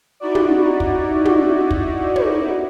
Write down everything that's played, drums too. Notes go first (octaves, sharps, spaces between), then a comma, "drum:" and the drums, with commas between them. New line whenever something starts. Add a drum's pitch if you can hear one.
D#4 E4 F#4 D5
drum: tom
drum: kick
drum: tom
drum: kick
drum: tom